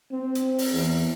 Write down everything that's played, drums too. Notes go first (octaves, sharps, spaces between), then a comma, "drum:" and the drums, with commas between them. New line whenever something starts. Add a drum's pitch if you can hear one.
C4
drum: hi-hat
drum: open hi-hat
E2